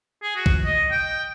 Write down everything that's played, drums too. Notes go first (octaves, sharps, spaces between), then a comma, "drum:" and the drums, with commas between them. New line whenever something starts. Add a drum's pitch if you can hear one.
G#4
F#4
drum: kick
D#5
G5